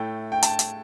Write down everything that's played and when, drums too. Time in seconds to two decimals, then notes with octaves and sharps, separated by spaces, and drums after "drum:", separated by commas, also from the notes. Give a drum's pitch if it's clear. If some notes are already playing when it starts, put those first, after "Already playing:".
Already playing: A2 A3 G5
0.32 G5
0.42 A5, drum: hi-hat
0.59 drum: hi-hat